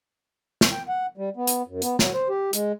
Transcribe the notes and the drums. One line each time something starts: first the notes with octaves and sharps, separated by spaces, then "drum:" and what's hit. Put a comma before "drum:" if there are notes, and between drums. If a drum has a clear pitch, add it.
drum: snare
G5
F#5
G3
B3
drum: hi-hat
F#2
B3, drum: hi-hat
F#3, drum: snare
C5
G4
G#3, drum: hi-hat